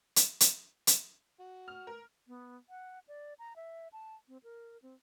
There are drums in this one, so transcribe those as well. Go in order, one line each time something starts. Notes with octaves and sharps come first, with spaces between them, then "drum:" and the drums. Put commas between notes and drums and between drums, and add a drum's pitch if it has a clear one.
drum: hi-hat
drum: hi-hat
drum: hi-hat
F#4
F6
A#4
B3
F#5
D5
A#5
E5
A5
C4
A#4
C4